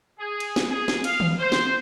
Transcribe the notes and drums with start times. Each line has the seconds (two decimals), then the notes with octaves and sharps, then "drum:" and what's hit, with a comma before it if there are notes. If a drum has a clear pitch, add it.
0.19 G#4
0.40 drum: cymbal
0.56 drum: snare
0.69 G#4
0.88 drum: snare
1.04 F5, drum: cymbal
1.20 drum: tom D#3
1.39 C5
1.52 drum: snare